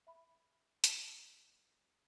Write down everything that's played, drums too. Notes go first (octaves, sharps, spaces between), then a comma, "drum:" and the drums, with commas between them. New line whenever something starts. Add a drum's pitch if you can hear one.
E5 B5
drum: hi-hat